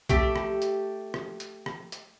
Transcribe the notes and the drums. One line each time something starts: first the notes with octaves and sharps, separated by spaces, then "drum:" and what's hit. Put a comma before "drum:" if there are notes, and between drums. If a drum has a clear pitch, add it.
A3 G4, drum: kick B1, hi-hat
drum: rim click
drum: hi-hat
drum: rim click
drum: hi-hat
drum: rim click
drum: hi-hat